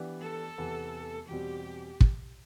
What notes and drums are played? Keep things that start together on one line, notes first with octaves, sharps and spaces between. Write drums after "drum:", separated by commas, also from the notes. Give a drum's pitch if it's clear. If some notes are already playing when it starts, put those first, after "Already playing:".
Already playing: E3 B3 D4 G4 B4
A4
E2 C3 E3 B3
E2 B2 G3 C4 G4
drum: kick